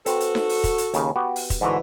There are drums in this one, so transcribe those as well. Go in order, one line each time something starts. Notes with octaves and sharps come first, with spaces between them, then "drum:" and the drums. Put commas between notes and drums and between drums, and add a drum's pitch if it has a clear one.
C4 F#4 A4 B4, drum: hi-hat
drum: hi-hat
drum: snare D#4
drum: open hi-hat
drum: kick, hi-hat
drum: hi-hat
D#2 C#3, drum: hi-hat
B3 F#4 G4
drum: open hi-hat
drum: kick, hi-hat
G#2 D3 E3 F#4